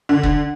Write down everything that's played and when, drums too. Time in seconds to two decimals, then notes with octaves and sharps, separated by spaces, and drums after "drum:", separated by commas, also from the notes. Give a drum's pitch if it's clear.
0.09 D3
0.23 drum: kick